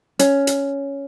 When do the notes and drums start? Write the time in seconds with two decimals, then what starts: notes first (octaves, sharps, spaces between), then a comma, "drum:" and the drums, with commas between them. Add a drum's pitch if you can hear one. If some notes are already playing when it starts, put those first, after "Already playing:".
0.19 C#4, drum: hi-hat
0.47 drum: hi-hat